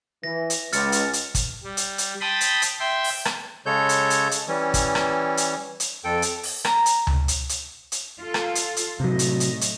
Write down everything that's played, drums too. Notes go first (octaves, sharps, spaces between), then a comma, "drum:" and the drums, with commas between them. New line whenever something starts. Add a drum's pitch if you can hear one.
E3 A#6
drum: hi-hat
C#2 F6 A6 C#7, drum: hi-hat
drum: hi-hat
drum: hi-hat
drum: kick, hi-hat
G3
drum: hi-hat
drum: hi-hat
G5 A5 B5 C6 D#6
drum: hi-hat
drum: hi-hat
E5 G5 C6
drum: open hi-hat
drum: rim click
C#3 G#3 A4 C#5 G6
drum: hi-hat
drum: hi-hat
drum: hi-hat
E3 G3 C#4
drum: kick, hi-hat
drum: rim click
drum: hi-hat
drum: hi-hat
F2 A4 G5
drum: hi-hat
drum: open hi-hat
A#5, drum: rim click
drum: hi-hat
drum: tom C#2
drum: hi-hat
drum: hi-hat
drum: hi-hat
F4 A4
drum: rim click
drum: hi-hat
drum: hi-hat
A2 C3 F#3 A3 D#5
drum: hi-hat
drum: hi-hat
drum: hi-hat